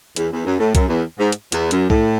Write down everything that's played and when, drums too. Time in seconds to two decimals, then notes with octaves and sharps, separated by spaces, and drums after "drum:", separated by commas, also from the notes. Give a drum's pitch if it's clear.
0.16 E2, drum: hi-hat
0.31 E2
0.45 F#2
0.59 A2
0.75 F#2, drum: kick B1, hi-hat
0.89 E2
1.18 G#2
1.32 drum: hi-hat
1.52 E2, drum: hi-hat
1.71 F#2, drum: hi-hat
1.90 A2, drum: kick B1